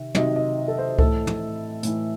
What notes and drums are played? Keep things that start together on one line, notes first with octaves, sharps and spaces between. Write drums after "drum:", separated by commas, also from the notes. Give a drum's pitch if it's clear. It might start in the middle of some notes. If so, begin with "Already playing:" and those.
Already playing: C3 D#3
C3 D#3 F#3 D#5, drum: tom
D#5
A4
C5
A2 E3 A4, drum: kick C#2
drum: tom
A2 E3, drum: hi-hat